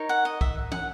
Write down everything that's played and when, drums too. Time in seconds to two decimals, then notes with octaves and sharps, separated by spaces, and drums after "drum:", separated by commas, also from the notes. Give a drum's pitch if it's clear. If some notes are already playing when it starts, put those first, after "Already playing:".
Already playing: D#4 A#4 C#5
0.09 F#5
0.25 D#5
0.41 E5, drum: kick
0.72 F#5, drum: tom